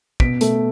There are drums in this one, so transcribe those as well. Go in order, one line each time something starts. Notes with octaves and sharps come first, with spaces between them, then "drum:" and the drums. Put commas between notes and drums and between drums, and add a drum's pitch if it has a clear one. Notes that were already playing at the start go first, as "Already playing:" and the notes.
B2 B6 D7, drum: kick
A3, drum: hi-hat